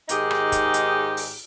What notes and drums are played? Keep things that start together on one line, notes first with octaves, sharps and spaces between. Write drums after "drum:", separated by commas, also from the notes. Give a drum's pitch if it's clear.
G#2 D#3 D#4 G4 G#4, drum: hi-hat
drum: rim click
drum: kick, hi-hat
drum: hi-hat
drum: open hi-hat